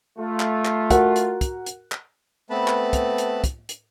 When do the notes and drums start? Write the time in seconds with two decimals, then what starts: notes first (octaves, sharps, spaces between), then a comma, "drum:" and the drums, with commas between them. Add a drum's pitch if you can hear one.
0.18 A3 F4
0.40 drum: clap
0.65 drum: clap
0.91 F#4 A#4 F#5, drum: kick, hi-hat
1.16 drum: hi-hat
1.41 drum: kick, hi-hat
1.66 drum: hi-hat
1.92 drum: clap
2.50 A3 B3 C4 B4 A5 B5
2.68 drum: clap
2.93 drum: kick, hi-hat
3.18 drum: hi-hat
3.44 drum: kick, hi-hat
3.69 drum: hi-hat